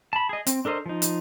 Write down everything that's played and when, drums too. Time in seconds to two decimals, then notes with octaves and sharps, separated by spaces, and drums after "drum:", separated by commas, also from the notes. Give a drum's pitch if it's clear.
0.13 A5 B5
0.29 G#4 D#5
0.47 C4, drum: hi-hat
0.65 D4 A4 A#4 C5 D#5
0.86 F3 D#4
1.02 drum: hi-hat